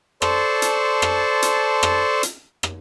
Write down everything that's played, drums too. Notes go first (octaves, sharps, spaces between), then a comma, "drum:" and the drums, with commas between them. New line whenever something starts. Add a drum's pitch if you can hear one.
A4 C5 D5 A5 C6 C#6, drum: rim click
drum: hi-hat
drum: rim click
drum: hi-hat
drum: rim click
drum: hi-hat
drum: rim click